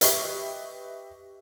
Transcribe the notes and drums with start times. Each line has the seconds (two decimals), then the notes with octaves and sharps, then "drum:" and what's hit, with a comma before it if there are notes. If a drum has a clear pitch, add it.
0.01 G4 B4 D#5 E5 C#6, drum: hi-hat